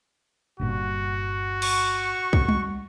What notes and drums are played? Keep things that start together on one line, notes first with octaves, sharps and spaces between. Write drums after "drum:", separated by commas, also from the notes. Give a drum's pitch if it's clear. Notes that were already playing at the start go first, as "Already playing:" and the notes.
G1 G2 A#2 F#4
C#6, drum: cymbal
drum: kick
drum: tom G3